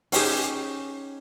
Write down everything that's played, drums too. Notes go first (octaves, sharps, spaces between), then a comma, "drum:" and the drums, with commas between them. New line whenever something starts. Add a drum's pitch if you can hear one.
C#4 D#4 G4 G#4, drum: open hi-hat